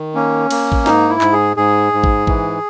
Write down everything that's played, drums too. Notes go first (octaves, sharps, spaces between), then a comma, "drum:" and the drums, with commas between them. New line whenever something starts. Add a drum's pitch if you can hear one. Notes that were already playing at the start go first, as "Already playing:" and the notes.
Already playing: D#3
A#3 C#4
A#3, drum: cymbal
drum: kick A1
G#2 D#4, drum: snare
E4
G#2, drum: clap
G#4
G#2 G#4
G#2
drum: kick A1
E3, drum: kick A1